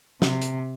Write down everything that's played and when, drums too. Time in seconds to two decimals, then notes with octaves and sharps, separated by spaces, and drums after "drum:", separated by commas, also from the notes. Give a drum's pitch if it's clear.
0.22 C3, drum: snare
0.42 drum: hi-hat